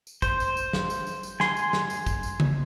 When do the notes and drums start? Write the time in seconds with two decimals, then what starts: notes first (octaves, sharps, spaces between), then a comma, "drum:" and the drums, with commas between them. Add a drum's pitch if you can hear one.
0.07 drum: tambourine
0.22 C5, drum: kick A1, tambourine
0.40 drum: tambourine
0.57 drum: tambourine
0.73 drum: snare
0.90 drum: tambourine
1.07 drum: tambourine
1.23 drum: tambourine
1.40 G#5 C6, drum: snare
1.57 drum: tambourine
1.73 drum: snare
1.90 drum: tambourine
2.06 drum: kick A1, tambourine
2.23 drum: tambourine
2.40 drum: tom C#3